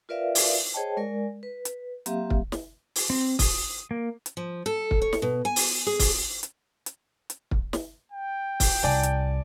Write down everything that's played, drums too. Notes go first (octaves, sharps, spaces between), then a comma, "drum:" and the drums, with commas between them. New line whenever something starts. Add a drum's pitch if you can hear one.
F4 A#4 B4 D5 E5 F5
drum: open hi-hat
G#4 C5 C#5 D#5 G5 A5
G#3 A#4 D5 G#5
B4
drum: hi-hat
F#3 A#3 C4 G4 E5 F5, drum: hi-hat
drum: kick
drum: snare
drum: open hi-hat
C4
D#6, drum: kick, open hi-hat
A#3
drum: hi-hat
F3
A4
drum: kick
C#5
drum: snare
B2
G#5
drum: open hi-hat
G#4
drum: kick, open hi-hat
drum: hi-hat
drum: hi-hat
drum: hi-hat
drum: kick
drum: snare
G5
drum: kick, open hi-hat
C2 D5 G#5 A5
drum: hi-hat